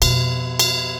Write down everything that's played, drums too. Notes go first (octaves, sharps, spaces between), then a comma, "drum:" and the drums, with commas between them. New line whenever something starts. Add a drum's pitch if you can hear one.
F2 B2, drum: cymbal
drum: cymbal